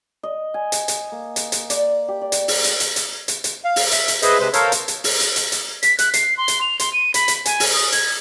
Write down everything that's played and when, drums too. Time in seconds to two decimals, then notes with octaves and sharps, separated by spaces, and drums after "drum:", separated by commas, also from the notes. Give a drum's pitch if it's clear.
0.23 D#5
0.54 G#5
0.72 drum: hi-hat
0.88 drum: hi-hat
1.12 A#3
1.36 drum: hi-hat
1.52 drum: hi-hat
1.70 D5, drum: hi-hat
2.08 G4
2.21 D5
2.32 drum: hi-hat
2.48 drum: open hi-hat
2.64 drum: hi-hat
2.80 drum: hi-hat
2.96 drum: hi-hat
3.28 drum: hi-hat
3.44 drum: hi-hat
3.65 F5
3.76 drum: open hi-hat
3.91 E5, drum: hi-hat
4.08 drum: hi-hat
4.22 G#4 B4 C5 D#5 E5, drum: hi-hat
4.40 C3 G#3 B4 C5
4.54 A4 A#4 C5 C#5 F5, drum: hi-hat
4.72 drum: hi-hat
4.88 drum: hi-hat
5.04 drum: open hi-hat
5.20 drum: hi-hat
5.36 drum: hi-hat
5.52 drum: hi-hat
5.83 B6, drum: hi-hat
5.99 F#6, drum: hi-hat
6.14 C7, drum: hi-hat
6.37 C6
6.48 drum: hi-hat
6.61 F7
6.79 C6, drum: hi-hat
6.93 D#7
7.14 B5, drum: hi-hat
7.28 drum: hi-hat
7.46 G#5, drum: hi-hat
7.60 drum: open hi-hat
7.74 D#6
7.92 G#6, drum: hi-hat